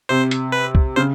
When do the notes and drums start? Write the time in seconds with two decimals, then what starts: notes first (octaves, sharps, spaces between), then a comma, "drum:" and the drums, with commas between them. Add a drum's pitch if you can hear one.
0.09 C3 C5
0.31 drum: hi-hat
0.52 B4
0.75 drum: kick
0.96 C#3 C5